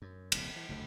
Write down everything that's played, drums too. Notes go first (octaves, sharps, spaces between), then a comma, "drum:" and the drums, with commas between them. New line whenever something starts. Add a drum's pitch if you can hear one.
F#2
D#1 C2, drum: cymbal
E3
F#1 D2 G2 A3